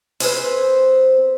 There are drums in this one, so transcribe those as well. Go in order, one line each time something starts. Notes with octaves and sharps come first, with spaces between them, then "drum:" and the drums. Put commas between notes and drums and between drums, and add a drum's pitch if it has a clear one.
C4 G#4 B4 C5, drum: open hi-hat